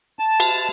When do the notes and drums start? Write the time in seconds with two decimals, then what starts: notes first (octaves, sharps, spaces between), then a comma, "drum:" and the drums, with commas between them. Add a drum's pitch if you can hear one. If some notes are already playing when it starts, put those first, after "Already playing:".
0.19 A5
0.40 drum: cymbal